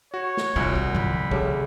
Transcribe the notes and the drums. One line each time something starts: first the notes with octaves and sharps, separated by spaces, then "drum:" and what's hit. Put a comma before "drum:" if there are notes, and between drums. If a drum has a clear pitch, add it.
F#4 C#5
drum: snare
C2 C#4 D#4 F4 F#4
drum: kick
D3 F3 B5
C#3 A3 G4, drum: kick